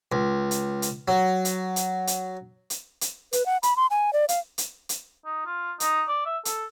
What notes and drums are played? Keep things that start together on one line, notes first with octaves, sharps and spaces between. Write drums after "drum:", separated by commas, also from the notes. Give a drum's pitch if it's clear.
C#2
drum: hi-hat
drum: hi-hat
F#3
drum: hi-hat
drum: hi-hat
drum: hi-hat
drum: hi-hat
drum: hi-hat
B4, drum: hi-hat
F#5
B5, drum: hi-hat
C6
G#5
D5
F5, drum: hi-hat
drum: hi-hat
drum: hi-hat
D#4
F4
D#4, drum: hi-hat
D5
E5
A4, drum: hi-hat